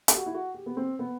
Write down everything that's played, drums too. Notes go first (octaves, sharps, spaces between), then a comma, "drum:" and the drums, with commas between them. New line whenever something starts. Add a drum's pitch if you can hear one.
G4, drum: hi-hat
F#4
E4
F#4
G4
B3
C4
B3